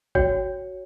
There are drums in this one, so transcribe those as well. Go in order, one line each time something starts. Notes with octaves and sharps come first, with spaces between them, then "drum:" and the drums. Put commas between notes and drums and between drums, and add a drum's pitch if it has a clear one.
F#4 C#5 G5, drum: kick